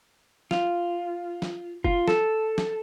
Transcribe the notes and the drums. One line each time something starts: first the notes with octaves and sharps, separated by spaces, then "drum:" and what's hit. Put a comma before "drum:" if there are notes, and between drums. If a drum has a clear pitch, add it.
F4, drum: snare
drum: snare
F4, drum: kick F1
A4, drum: snare
drum: snare